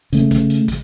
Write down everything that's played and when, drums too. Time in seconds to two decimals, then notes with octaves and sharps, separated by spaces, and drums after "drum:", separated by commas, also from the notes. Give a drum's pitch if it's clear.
0.13 C#3 A3, drum: hi-hat
0.31 drum: kick, hi-hat
0.50 drum: hi-hat
0.68 drum: kick, hi-hat